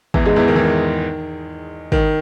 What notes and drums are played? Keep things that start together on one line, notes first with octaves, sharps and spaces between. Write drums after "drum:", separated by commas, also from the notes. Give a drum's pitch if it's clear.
E2 E3, drum: kick
G#2 G#3
E2 E3
D#3
E3
D#3
D#3, drum: kick